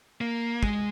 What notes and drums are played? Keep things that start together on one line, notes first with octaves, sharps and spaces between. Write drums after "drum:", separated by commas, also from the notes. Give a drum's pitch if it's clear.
A#3
G#3, drum: kick